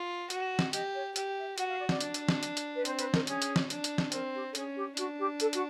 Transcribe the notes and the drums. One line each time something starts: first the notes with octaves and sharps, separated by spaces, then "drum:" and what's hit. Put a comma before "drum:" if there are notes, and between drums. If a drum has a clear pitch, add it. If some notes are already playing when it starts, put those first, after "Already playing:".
Already playing: F4
F#4, drum: hi-hat
drum: snare
G4 D#5, drum: hi-hat
C#5
G4, drum: hi-hat
E5
F#4 F#5, drum: hi-hat
F5
D5
D5, drum: snare
D4, drum: hi-hat
drum: hi-hat
drum: snare
drum: hi-hat
drum: hi-hat
B4
C4 C5, drum: hi-hat
B4, drum: hi-hat
A#4, drum: snare
C#4 G#4, drum: hi-hat
drum: hi-hat
drum: snare
D4, drum: hi-hat
drum: hi-hat
drum: snare
C4 A#4, drum: hi-hat
G4
A4
C#4 G#4, drum: hi-hat
G4
D4 F#4, drum: hi-hat
G4
A4, drum: hi-hat
F#4, drum: hi-hat